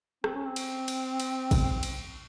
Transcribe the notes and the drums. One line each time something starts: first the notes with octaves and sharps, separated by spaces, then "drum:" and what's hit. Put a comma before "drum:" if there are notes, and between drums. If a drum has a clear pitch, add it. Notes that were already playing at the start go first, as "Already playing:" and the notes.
C4, drum: rim click
C#4
C4
drum: cymbal
drum: cymbal
drum: cymbal
drum: kick, cymbal
drum: cymbal